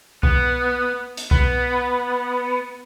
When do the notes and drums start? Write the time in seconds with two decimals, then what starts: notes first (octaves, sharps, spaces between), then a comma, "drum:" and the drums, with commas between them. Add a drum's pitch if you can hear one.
0.23 B3, drum: kick B1
1.17 drum: hi-hat
1.31 B3, drum: kick B1